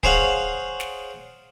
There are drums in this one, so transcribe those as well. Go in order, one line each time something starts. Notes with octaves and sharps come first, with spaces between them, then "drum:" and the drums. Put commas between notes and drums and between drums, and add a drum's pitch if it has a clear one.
G#4 C5 C#5 F5 F#5, drum: kick
drum: snare